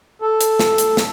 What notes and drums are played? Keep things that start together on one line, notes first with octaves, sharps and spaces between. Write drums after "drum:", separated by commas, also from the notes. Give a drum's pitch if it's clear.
A4
drum: hi-hat
drum: snare
drum: hi-hat
drum: snare